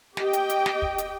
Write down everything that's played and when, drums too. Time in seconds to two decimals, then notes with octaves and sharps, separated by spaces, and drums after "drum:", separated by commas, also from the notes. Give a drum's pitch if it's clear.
0.17 G4 D#5 G5, drum: snare
0.33 drum: hi-hat
0.50 drum: hi-hat
0.66 drum: snare
0.82 drum: kick
0.98 drum: hi-hat